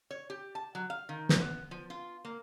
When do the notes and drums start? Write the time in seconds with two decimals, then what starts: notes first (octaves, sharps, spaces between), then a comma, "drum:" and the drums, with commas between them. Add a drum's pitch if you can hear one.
0.11 C#5
0.30 G4
0.55 A5
0.75 F#3
0.90 F5
1.09 D#3
1.29 drum: snare
1.40 B3
1.71 F3
1.90 F4
2.25 A#3